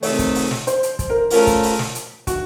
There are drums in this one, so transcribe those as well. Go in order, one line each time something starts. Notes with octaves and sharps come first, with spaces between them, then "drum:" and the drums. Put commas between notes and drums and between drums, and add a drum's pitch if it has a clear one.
C3 D#3 A3 D#4 A4 C#5, drum: open hi-hat
drum: kick, hi-hat
drum: open hi-hat
drum: snare
C5, drum: hi-hat
drum: hi-hat
drum: kick, hi-hat
A#4
A3 C#4 F4 A#4, drum: open hi-hat
drum: kick, hi-hat
drum: open hi-hat
drum: snare
drum: hi-hat
F#4, drum: kick, hi-hat